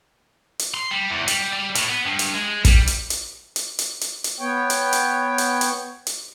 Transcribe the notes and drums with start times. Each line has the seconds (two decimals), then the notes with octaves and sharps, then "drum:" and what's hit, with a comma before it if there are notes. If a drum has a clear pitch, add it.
0.59 drum: hi-hat
0.74 C6
0.91 G3
1.11 E2
1.28 G3, drum: hi-hat
1.53 G3
1.75 A2, drum: hi-hat
1.89 B3
2.06 G2
2.19 drum: hi-hat
2.34 G#3
2.65 G3, drum: kick, hi-hat
2.87 drum: hi-hat
3.10 drum: hi-hat
3.56 drum: hi-hat
3.79 drum: hi-hat
4.01 drum: hi-hat
4.24 drum: hi-hat
4.40 B3 C#5 G5
4.70 drum: hi-hat
4.93 drum: hi-hat
5.38 drum: hi-hat
5.61 drum: hi-hat
6.07 drum: hi-hat